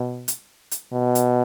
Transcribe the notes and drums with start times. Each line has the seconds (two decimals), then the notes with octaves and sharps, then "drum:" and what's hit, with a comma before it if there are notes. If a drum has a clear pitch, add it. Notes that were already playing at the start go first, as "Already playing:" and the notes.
Already playing: B2
0.28 drum: hi-hat
0.71 drum: hi-hat
0.93 B2
1.15 drum: hi-hat